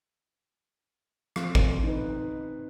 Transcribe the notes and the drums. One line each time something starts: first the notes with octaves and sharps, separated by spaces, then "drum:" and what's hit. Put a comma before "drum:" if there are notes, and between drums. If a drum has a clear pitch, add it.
F3 C4, drum: rim click
C5, drum: kick G#1
D#4 B4